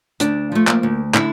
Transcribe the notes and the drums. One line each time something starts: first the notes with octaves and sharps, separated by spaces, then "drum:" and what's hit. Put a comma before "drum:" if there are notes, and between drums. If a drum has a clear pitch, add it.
D2 D4, drum: hi-hat
F3 A3
A#3, drum: clap
D2
D3 E4, drum: clap